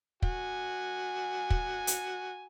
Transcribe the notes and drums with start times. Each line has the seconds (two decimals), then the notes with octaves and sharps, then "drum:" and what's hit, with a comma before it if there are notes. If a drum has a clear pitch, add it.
0.22 F#4 G#5, drum: kick
1.50 drum: kick
1.87 drum: hi-hat